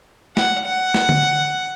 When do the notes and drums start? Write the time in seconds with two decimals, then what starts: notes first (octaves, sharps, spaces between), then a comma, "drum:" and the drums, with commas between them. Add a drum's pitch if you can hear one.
0.37 F#5, drum: snare
0.65 F#5
0.94 drum: snare
1.09 drum: tom D3